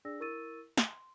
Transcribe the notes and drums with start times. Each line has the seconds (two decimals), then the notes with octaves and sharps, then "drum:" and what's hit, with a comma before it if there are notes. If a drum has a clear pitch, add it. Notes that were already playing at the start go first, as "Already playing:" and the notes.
0.05 D4 G#4 D5 E6 A#6
0.20 E4 A#4 C#6 E6 A6 D#7
0.78 C6, drum: snare